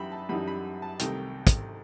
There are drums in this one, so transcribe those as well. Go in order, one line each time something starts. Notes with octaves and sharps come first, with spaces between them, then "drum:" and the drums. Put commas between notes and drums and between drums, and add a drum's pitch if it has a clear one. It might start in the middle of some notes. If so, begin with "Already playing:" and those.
Already playing: F#2 E3 G3 D#4 E5 G5 B5
A5
F#2 E3 G3 D#4 B5
B5
A5
C2 C3 D#3 A3 D#4 G5, drum: hi-hat
drum: kick, hi-hat